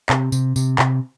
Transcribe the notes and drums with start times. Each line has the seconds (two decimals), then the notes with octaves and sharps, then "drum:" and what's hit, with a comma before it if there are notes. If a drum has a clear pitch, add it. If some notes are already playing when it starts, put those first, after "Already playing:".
0.09 C3, drum: clap
0.32 C3, drum: tambourine
0.56 C3, drum: tambourine
0.79 C3, drum: clap